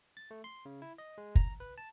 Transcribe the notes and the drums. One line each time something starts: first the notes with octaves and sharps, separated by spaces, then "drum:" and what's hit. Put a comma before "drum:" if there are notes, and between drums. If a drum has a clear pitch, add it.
A6
A3
C6
C#3
E4
D#5
G#3
A#5, drum: kick
B4
A5